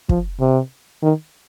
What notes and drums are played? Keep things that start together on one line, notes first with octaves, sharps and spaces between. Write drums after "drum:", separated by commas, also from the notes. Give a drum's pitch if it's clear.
F3, drum: kick
C3
D#3